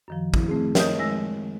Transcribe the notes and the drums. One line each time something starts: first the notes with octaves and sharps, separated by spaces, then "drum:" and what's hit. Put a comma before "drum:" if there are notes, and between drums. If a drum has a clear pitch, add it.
F#2 D#3 F3
E4, drum: kick
A3 C4 G#4
A#4 C#5 D#5 D#6 G6, drum: snare
G#3 E6 A#6